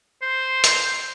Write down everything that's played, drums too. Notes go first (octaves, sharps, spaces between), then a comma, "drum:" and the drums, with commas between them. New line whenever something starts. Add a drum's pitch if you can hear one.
C5
drum: hi-hat